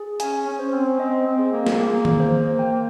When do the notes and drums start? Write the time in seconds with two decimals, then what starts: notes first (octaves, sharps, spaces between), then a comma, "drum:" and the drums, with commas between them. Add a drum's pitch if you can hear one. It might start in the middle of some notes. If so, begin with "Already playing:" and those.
Already playing: G#4
0.20 C#4 G#5, drum: hi-hat
0.47 C#4
0.59 C5
0.74 C4
0.99 C4 D#5
1.26 C4
1.39 G#4
1.52 A#3
1.67 drum: snare
1.79 A#3 G#4
2.05 drum: tom D#3
2.20 C5
2.59 G5